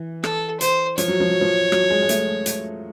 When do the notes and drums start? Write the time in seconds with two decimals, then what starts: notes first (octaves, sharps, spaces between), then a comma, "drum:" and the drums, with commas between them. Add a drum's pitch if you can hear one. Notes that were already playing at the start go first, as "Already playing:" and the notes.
Already playing: E3
0.24 A4, drum: rim click
0.61 C5, drum: hi-hat
0.98 F3 C#5, drum: hi-hat
1.08 F#3
1.20 F3
1.30 F#3
1.41 F3
1.72 F#3, drum: rim click
1.90 G#3
2.02 G#3
2.09 A3, drum: hi-hat
2.46 drum: hi-hat